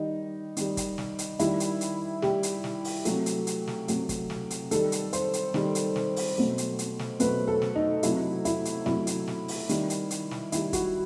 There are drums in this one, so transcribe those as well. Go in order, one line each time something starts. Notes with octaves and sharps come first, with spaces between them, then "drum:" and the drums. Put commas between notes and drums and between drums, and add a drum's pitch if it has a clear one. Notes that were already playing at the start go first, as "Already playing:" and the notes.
Already playing: D#3 G3 D#4
D#3 G3, drum: hi-hat
drum: kick, hi-hat
drum: snare
drum: hi-hat
D#3 G3 E4, drum: hi-hat
drum: hi-hat
drum: hi-hat
D#3 G3 G4, drum: snare
drum: hi-hat
drum: snare
drum: open hi-hat
C3 F#3 A3, drum: hi-hat
drum: hi-hat
drum: hi-hat
drum: snare
C3 F#3 A3, drum: hi-hat
drum: kick, hi-hat
drum: snare
drum: hi-hat
D#3 G3 A4, drum: hi-hat
drum: hi-hat
C5, drum: hi-hat
drum: hi-hat
D#3 G3, drum: snare
drum: hi-hat
drum: snare
drum: open hi-hat
B2 F#3 A3
drum: hi-hat
drum: hi-hat
drum: snare
B2 F#3 A3 B4, drum: hi-hat
A4
drum: snare
D#4
C3 F#3 A3 E4, drum: hi-hat
E4, drum: hi-hat
drum: hi-hat
C3 F#3 A3 E4, drum: snare
drum: hi-hat
drum: snare
drum: open hi-hat
D#3 G3, drum: hi-hat
drum: hi-hat
drum: hi-hat
drum: snare
D#3 G3 E4, drum: hi-hat
F#4, drum: kick, hi-hat